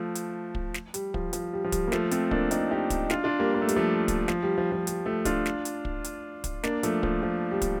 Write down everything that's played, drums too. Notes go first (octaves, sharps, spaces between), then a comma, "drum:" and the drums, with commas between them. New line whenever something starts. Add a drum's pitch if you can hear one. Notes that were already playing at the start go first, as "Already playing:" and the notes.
Already playing: F3 A3
drum: hi-hat
drum: kick
drum: snare
G3, drum: hi-hat
F3, drum: kick
F3, drum: hi-hat
G3
F3
G3, drum: kick, hi-hat
A#3
F3 A3, drum: snare
A3 C4, drum: hi-hat
A#3 D4, drum: kick
C4 D#4, drum: hi-hat
D#4 G4
drum: kick, hi-hat
D4 F4, drum: snare
D4 F4
G3 A#3
A#3
A3
G3, drum: hi-hat
F3 A3
drum: kick, hi-hat
F3, drum: snare
G3
F3
F3
G3, drum: hi-hat
F3 A3
D4 F4, drum: kick, hi-hat
drum: snare
drum: hi-hat
drum: kick
drum: hi-hat
drum: kick, hi-hat
A#3 D4, drum: snare
F3 A3, drum: hi-hat
F3, drum: kick
F3
G3
drum: kick, hi-hat